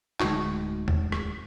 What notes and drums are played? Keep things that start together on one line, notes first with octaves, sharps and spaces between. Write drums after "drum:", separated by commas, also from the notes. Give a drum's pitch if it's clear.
D1 D2 G#3 D#4 F#4 C#6, drum: clap
drum: tom E2
drum: rim click